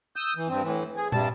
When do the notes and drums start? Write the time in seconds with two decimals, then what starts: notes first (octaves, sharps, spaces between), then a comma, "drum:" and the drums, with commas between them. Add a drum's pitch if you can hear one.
0.16 D#6 E6 G6
0.36 E3
0.48 G2 C4
0.62 A2 E3
0.96 G#4
1.12 G2 C3 G3 A5, drum: tom